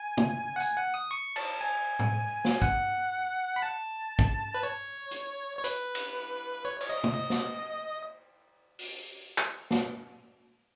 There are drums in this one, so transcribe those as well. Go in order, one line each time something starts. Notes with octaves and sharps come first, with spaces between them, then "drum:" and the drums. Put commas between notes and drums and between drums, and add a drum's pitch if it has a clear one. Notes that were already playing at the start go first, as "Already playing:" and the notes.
Already playing: G#5
drum: tom
F#5
G#5, drum: tambourine
F#5
D#6
C#6
A5, drum: cymbal
G#5
drum: tom A2
drum: snare
F#5, drum: kick
B5
A5
drum: kick
B4
C#5
drum: hi-hat
C#5
B4, drum: hi-hat
drum: cymbal
C#5
C#5, drum: cymbal
D#5
drum: tom
D#5
drum: snare
drum: open hi-hat
drum: clap
drum: snare